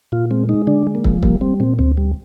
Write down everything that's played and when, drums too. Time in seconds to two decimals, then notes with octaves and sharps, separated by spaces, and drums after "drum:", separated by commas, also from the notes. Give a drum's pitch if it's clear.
0.12 A#2 F4
0.31 G#3 C4
0.49 G#3 D#4
0.67 D3 D4
0.87 G#3
0.95 A#3
1.04 F3, drum: kick
1.23 G3 A#3, drum: kick
1.41 G3 C4
1.60 A#2 C4
1.79 D2 C4
1.97 G3